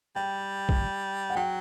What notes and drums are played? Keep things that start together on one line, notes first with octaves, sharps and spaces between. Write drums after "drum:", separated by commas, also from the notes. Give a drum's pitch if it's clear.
G3 G5
drum: kick
F#5
F#3 G5